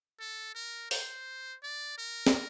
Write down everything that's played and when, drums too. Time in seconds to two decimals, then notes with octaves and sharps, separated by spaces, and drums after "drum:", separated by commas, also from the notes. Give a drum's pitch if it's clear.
0.20 A4
0.55 A#4
0.91 C5, drum: open hi-hat
1.63 D5
1.98 A#4
2.27 drum: snare